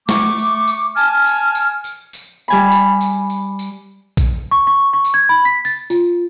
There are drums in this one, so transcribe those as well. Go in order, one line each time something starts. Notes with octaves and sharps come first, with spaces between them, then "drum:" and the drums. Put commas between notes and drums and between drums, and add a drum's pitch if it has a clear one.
A3 C#6 D6, drum: snare
drum: tambourine
drum: tambourine
G#5 A5 F6, drum: tambourine
drum: tambourine
drum: tambourine
drum: tambourine
drum: tambourine
G3 G#5 B5
drum: tambourine
drum: tambourine
drum: tambourine
drum: tambourine
drum: kick, tambourine
C#6
C#6
C#6
drum: tambourine
G#6
B5
B6
A6, drum: tambourine
F4, drum: tambourine